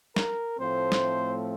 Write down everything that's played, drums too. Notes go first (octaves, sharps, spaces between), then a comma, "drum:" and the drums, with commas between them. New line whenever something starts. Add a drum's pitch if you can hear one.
A#4, drum: snare
A2 F3 A3 C4 C5
drum: snare